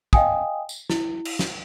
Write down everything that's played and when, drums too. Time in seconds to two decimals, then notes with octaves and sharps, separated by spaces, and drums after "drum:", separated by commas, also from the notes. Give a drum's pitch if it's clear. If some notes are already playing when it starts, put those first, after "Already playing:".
0.13 D#5 F5 G5 G#5 D#6, drum: kick
0.69 drum: tambourine
0.90 E4, drum: snare
1.25 drum: cymbal
1.39 drum: snare